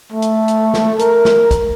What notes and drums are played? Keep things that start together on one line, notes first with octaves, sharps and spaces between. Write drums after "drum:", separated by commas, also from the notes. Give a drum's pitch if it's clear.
A3
drum: hi-hat
drum: hi-hat
drum: snare
A#4, drum: hi-hat
drum: snare
drum: kick, hi-hat